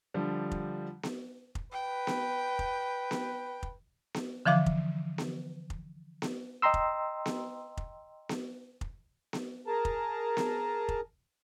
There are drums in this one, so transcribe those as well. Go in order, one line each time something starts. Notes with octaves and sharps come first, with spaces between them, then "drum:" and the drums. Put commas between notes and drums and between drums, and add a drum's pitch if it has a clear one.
D3 F3 G3
drum: kick F1
drum: snare B3
drum: kick F1
B4 G5
drum: snare B3
drum: kick F1
drum: snare B3
drum: kick F1
drum: snare B3
D3 E3 F3 F5 D6
drum: kick F1
drum: snare B3
drum: kick F1
drum: snare B3
D#5 G5 A#5 C6 E6
drum: kick F1
drum: snare B3
drum: kick F1
drum: snare B3
drum: kick F1
drum: snare B3
G#4 A#4 A5 A#5
drum: kick F1
drum: snare B3
drum: kick F1